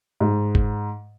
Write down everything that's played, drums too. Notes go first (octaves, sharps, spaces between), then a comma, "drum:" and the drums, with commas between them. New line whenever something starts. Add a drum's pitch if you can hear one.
G#2
drum: kick G1